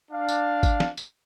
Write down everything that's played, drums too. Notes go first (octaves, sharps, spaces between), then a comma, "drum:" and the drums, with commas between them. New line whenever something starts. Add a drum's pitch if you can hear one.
D4 F5
drum: tambourine
drum: kick G#1, tambourine
drum: snare
drum: tambourine